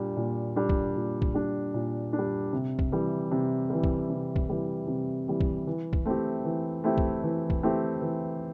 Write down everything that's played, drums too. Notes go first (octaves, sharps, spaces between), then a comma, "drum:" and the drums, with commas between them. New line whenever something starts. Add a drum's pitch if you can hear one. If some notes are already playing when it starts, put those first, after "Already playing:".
Already playing: A#2 G3 D4
A#2
G3 D4
drum: kick
A#2
drum: kick
G3 D4
A#2
D4
G3
C3
drum: kick
E3 G3
C3
E3 G3
drum: kick
C3
drum: kick
E3 G3
C3
E3 G3
drum: kick
E3
drum: kick
A3 C4 E4 G4
E3
A3 C4 E4 G4
drum: kick
E3
drum: kick
A3 C4 E4 G4
E3